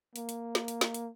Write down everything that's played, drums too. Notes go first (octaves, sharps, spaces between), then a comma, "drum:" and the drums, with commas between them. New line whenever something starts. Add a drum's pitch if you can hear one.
A#3, drum: hi-hat
drum: hi-hat
drum: snare
drum: hi-hat
drum: snare
drum: hi-hat